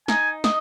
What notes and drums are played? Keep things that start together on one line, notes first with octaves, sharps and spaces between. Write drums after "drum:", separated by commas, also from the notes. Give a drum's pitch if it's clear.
D#4 G#5, drum: snare
D#5, drum: snare